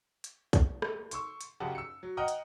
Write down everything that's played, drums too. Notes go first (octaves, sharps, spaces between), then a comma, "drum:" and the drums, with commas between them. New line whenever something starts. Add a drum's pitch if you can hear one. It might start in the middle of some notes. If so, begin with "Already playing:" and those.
drum: hi-hat
drum: kick, hi-hat
drum: rim click
C6 C#6 E6, drum: hi-hat
drum: hi-hat
F#1 F#2 C#3 G4 F#5 A5
E6 C#7
F#3
D#5 F#5 G5 A#5 D#6 F6
drum: hi-hat